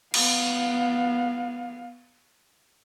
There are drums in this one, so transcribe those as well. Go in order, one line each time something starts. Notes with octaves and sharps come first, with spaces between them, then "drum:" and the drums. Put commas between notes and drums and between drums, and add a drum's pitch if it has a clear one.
B3 F5, drum: cymbal